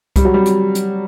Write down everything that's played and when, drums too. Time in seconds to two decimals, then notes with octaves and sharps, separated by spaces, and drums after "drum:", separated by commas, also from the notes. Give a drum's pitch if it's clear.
0.16 G3, drum: kick C2, hi-hat
0.25 F#3
0.34 G3
0.46 drum: hi-hat
0.75 drum: hi-hat